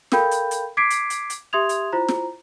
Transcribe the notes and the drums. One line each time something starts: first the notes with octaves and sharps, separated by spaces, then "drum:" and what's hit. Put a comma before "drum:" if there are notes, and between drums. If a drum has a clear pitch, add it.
A4 A#4 F5 G5 B5 G6, drum: snare
drum: hi-hat
drum: hi-hat
D6 G#6 B6 C7 D7
drum: hi-hat
drum: hi-hat
drum: hi-hat
G4 E5 C6 D#6 G#6 F7
drum: hi-hat
E4 F4 C5 A#5
drum: snare